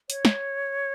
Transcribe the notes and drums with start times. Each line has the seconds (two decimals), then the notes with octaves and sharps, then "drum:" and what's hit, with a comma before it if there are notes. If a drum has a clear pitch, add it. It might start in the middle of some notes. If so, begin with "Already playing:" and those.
0.10 C#5, drum: hi-hat
0.25 drum: snare